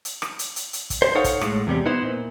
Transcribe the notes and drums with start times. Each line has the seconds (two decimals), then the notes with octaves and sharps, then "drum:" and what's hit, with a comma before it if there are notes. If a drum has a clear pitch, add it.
0.05 drum: hi-hat
0.22 drum: rim click
0.39 drum: hi-hat
0.56 drum: hi-hat
0.73 drum: hi-hat
0.90 drum: kick, hi-hat
1.02 C5
1.15 D#4 A4 C#5 F5 F#5
1.24 drum: kick, hi-hat
1.41 A2 G#3, drum: rim click
1.67 E2 C3 G3
1.86 B3 D#4 E4 C5
2.03 A#2